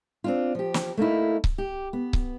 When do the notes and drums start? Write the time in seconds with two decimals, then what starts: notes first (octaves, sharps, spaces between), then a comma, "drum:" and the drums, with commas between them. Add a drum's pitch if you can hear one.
0.24 C4 D4 F4
0.55 F3 G4
0.74 drum: snare
0.97 A3 A#3 D#4 E4
1.44 drum: kick C#1
1.58 G4
1.93 B3
2.13 drum: kick C#1